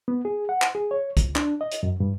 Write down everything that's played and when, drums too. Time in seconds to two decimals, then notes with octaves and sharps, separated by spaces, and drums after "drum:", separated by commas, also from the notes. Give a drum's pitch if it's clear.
0.08 B3
0.25 G#4
0.49 F#5
0.62 drum: clap
0.75 G#4
0.91 C#5
1.17 C#2, drum: kick, hi-hat
1.36 D4, drum: clap
1.61 D#5
1.72 drum: hi-hat
1.83 F#2
2.00 G2